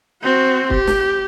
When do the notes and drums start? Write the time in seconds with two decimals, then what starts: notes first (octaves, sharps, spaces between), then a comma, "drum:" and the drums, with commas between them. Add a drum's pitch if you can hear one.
0.23 C4 F#4
0.70 G4, drum: kick
0.87 drum: snare